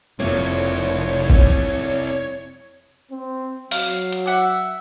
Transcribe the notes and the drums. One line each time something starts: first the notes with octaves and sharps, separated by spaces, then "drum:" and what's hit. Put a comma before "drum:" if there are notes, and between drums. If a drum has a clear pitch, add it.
F1 F2 F3 A#3 C4 E4 C#5
drum: kick F#1
C4
F#3 F5, drum: open hi-hat
drum: hi-hat
E5 F#5 D6